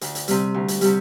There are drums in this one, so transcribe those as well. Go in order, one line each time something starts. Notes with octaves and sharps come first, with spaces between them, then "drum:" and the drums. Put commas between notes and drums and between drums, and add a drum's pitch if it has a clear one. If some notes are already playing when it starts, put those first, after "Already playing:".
D2, drum: hi-hat
drum: hi-hat
C3 G3, drum: hi-hat
D2
drum: hi-hat
C3 G3, drum: hi-hat